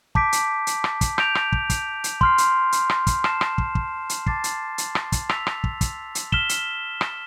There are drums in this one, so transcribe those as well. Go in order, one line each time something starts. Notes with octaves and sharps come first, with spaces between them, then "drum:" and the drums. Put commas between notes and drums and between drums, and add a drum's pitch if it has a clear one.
A5 D6 G6 B6 D7, drum: kick
drum: hi-hat
drum: hi-hat
drum: rim click
drum: kick, hi-hat
G6 D7 F7, drum: rim click
drum: rim click
drum: kick
drum: kick, hi-hat
drum: hi-hat
C6 F6 C7, drum: kick
drum: hi-hat
drum: hi-hat
drum: rim click
drum: kick, hi-hat
A5 C6 F6 C7 E7, drum: rim click
drum: rim click
drum: kick
drum: kick
drum: hi-hat
A5 D6 A6 C7, drum: kick
drum: hi-hat
drum: hi-hat
drum: rim click
drum: kick, hi-hat
E6 B6 F7, drum: rim click
drum: rim click
drum: kick
drum: kick, hi-hat
drum: hi-hat
F6 B6 E7 G7, drum: kick
drum: hi-hat
drum: rim click